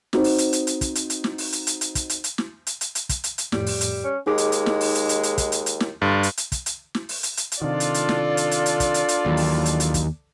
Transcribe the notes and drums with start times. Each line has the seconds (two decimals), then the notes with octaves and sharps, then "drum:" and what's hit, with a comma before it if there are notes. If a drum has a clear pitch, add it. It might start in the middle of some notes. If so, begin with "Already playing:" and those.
0.13 C4 D#4 F#4 C5, drum: snare
0.24 drum: open hi-hat
0.38 drum: hi-hat
0.53 drum: hi-hat
0.67 drum: hi-hat
0.81 drum: kick, hi-hat
0.95 drum: hi-hat
1.10 drum: hi-hat
1.24 drum: snare
1.38 drum: open hi-hat
1.52 drum: hi-hat
1.67 drum: hi-hat
1.81 drum: hi-hat
1.95 drum: kick, hi-hat
2.10 drum: hi-hat
2.24 drum: hi-hat
2.38 drum: snare
2.67 drum: hi-hat
2.81 drum: hi-hat
2.95 drum: hi-hat
3.09 drum: kick, hi-hat
3.24 drum: hi-hat
3.38 drum: hi-hat
3.52 F2 A2 G3, drum: snare
3.66 drum: open hi-hat
3.81 drum: hi-hat
4.04 C#4
4.27 D#2 G#3 D#4 G#4 D6
4.38 drum: hi-hat
4.52 drum: hi-hat
4.66 drum: snare
4.81 drum: open hi-hat
4.95 drum: hi-hat
5.09 drum: hi-hat
5.23 drum: hi-hat
5.38 drum: kick, hi-hat
5.52 drum: hi-hat
5.66 drum: hi-hat
5.80 drum: snare
6.02 G2 D3 C6 F6 A6
6.23 drum: hi-hat
6.37 drum: hi-hat
6.52 drum: kick, hi-hat
6.66 drum: hi-hat
6.95 drum: snare
7.09 drum: open hi-hat
7.23 drum: hi-hat
7.37 drum: hi-hat
7.52 drum: hi-hat
7.62 C3 D#3 D4 F4 A4 D5
7.80 drum: hi-hat
7.94 drum: hi-hat
8.09 drum: snare
8.37 drum: hi-hat
8.51 drum: hi-hat
8.66 drum: hi-hat
8.80 drum: kick, hi-hat
8.94 drum: hi-hat
9.08 drum: hi-hat
9.26 D#2 E3 F#3
9.37 drum: open hi-hat
9.66 drum: hi-hat
9.80 drum: hi-hat
9.94 drum: kick, hi-hat